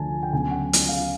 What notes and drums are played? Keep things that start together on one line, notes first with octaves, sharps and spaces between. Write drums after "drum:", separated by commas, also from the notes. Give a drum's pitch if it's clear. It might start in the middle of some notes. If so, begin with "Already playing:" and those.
Already playing: D2 D3 F3 G#5 A5
G5
D2 C#3 F#3 B3 G#5
F#5
drum: hi-hat
F5